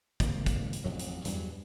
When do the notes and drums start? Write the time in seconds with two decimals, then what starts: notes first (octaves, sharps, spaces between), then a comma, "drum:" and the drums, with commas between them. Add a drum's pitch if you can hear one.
0.20 G#1 A#3, drum: kick, hi-hat
0.46 drum: kick, hi-hat
0.73 drum: hi-hat
0.84 A1 F2 F#3
0.99 drum: hi-hat
1.25 E2 G2 E3 F#3, drum: hi-hat